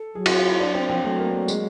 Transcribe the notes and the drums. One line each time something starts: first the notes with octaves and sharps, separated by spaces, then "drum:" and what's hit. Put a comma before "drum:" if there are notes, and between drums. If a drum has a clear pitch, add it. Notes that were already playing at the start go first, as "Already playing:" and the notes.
Already playing: A4
F#3 G#4
F#4, drum: cymbal
F4
E4
D4
C4
F3 C4
F#3 A3
A#3
A3
G#3, drum: tambourine